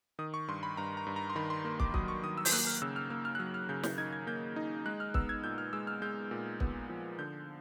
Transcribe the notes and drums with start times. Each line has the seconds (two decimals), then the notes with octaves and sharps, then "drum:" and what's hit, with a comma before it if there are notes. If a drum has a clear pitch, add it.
0.19 D#3 D#6
0.34 C#6
0.48 G2 C6
0.63 B5
0.77 G2 A#5
0.97 A#5
1.07 G2
1.16 A#5
1.30 C6
1.36 D#3 B5
1.50 C6
1.65 A#3
1.80 D6, drum: kick
1.94 F#3 D#6, drum: kick
2.08 C#6
2.23 D#3 D#6
2.37 E6
2.45 G6, drum: open hi-hat
2.52 A#3 F#6
2.67 F6
2.82 C#3 E6
2.96 F6
3.10 A#3 F6
3.25 F6
3.35 F#6
3.39 F#3 F6
3.54 F6
3.69 C#3 G6
3.83 G6, drum: snare
3.98 D#4 G#6
4.12 G#6
4.27 A#3 G6
4.56 D#4
4.86 G#3 F#6
5.00 F6
5.14 B3 E6, drum: kick
5.29 G#6
5.44 A#2 G6
5.58 F6
5.73 G#3 E6
5.87 F6
6.02 G#3 G6
6.31 A#2
6.60 B3, drum: kick
6.89 F3
7.19 D3 G6